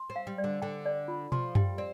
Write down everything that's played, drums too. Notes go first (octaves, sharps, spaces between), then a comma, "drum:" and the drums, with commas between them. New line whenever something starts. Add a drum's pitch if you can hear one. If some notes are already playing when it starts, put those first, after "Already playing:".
Already playing: C6
C4
F5
G3
D5
D3
D3 G5
D5
F4
F3 C6, drum: tom B2
G3 G5, drum: tom F#2
C4 D5